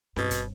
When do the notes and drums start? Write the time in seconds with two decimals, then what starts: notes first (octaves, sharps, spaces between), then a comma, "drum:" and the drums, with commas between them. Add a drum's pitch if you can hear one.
0.16 G2 B2, drum: snare C4
0.31 drum: kick, hi-hat